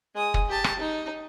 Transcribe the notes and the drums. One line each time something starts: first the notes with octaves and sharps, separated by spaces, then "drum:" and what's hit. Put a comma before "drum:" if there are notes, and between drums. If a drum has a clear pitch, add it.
G#3 D#6
drum: kick
G4 A5
drum: rim click
D#4